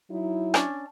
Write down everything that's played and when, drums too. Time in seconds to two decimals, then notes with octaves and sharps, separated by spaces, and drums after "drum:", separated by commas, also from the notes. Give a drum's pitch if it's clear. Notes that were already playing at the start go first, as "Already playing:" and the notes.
0.10 F#3 D#4 E4
0.54 C#4 D4, drum: rim click